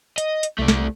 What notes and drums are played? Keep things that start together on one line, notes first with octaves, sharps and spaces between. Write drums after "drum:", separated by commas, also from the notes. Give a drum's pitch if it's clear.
D#5, drum: hi-hat
drum: hi-hat
C2 A3 D5
drum: snare